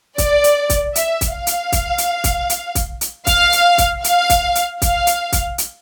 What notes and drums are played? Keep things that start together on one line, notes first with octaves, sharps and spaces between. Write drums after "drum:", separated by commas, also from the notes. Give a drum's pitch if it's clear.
D5, drum: kick, hi-hat
drum: hi-hat
drum: kick, hi-hat
E5, drum: hi-hat
drum: kick, hi-hat
F5
drum: hi-hat
drum: kick, hi-hat
drum: hi-hat
drum: kick, hi-hat
drum: hi-hat
drum: kick, hi-hat
drum: hi-hat
F5, drum: kick, hi-hat
drum: hi-hat
drum: kick, hi-hat
F5, drum: hi-hat
drum: kick, hi-hat
drum: hi-hat
F5, drum: kick, hi-hat
drum: hi-hat
drum: kick, hi-hat
drum: hi-hat